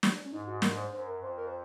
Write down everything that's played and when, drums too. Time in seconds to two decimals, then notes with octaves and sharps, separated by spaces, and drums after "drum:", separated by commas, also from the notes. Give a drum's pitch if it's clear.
0.03 drum: snare
0.25 C#4
0.33 G#2 D#4
0.47 F#4
0.62 A#4, drum: snare
0.78 C5
0.93 F#2 C5
1.07 A#4
1.21 F2 C5
1.37 A#4
1.47 C5